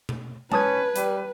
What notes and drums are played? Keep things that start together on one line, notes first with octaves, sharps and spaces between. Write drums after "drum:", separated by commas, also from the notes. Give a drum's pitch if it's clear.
drum: tom B2
C#4 B4 A5 D#6 G#6, drum: tom G#3
G3, drum: hi-hat